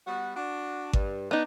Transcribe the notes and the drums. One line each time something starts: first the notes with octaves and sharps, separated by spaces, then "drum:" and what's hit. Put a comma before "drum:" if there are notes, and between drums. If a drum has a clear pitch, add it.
G3 B3 F#4
D4 F#4
G2, drum: kick G#1
B3 D4 D#4